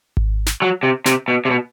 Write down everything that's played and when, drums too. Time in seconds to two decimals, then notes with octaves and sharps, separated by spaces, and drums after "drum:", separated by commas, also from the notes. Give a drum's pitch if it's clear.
0.17 drum: kick G#1
0.46 drum: snare
0.62 F#3
0.83 C3
1.06 C3, drum: snare
1.28 B2
1.45 C3
1.51 B2